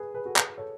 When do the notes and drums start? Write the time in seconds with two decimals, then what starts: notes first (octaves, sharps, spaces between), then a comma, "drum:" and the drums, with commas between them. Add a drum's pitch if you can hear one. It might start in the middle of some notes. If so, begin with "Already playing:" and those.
Already playing: G#4 B4
0.14 G#4 B4
0.26 F#4 A4
0.36 G#4 B4, drum: clap
0.58 A4 C#5